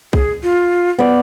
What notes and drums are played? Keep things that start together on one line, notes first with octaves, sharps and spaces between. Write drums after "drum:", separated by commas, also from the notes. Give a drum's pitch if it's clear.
G#4, drum: kick B1
F4
B3 D5